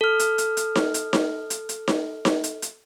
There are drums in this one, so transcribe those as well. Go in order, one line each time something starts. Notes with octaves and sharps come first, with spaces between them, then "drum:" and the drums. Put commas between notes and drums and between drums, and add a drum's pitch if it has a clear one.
A4 F6
drum: hi-hat
drum: hi-hat
drum: hi-hat
drum: snare D#4
drum: hi-hat
drum: snare D#4
drum: hi-hat
drum: hi-hat
drum: snare D#4
drum: snare D#4
drum: hi-hat
drum: hi-hat